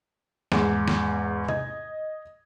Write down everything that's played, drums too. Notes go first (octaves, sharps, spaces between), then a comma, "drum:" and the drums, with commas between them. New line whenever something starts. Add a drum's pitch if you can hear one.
E2 G#2, drum: snare
drum: snare
D#5 G#6, drum: tom C3